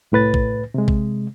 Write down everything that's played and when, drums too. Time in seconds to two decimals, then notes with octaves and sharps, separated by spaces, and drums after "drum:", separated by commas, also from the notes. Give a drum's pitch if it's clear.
0.12 C2 A2 B4 A6
0.34 drum: kick A1
0.74 C3 G#3
0.88 drum: kick A1